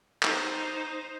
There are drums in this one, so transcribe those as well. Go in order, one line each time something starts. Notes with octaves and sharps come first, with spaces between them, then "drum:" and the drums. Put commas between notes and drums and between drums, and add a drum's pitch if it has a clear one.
D#4 C5, drum: clap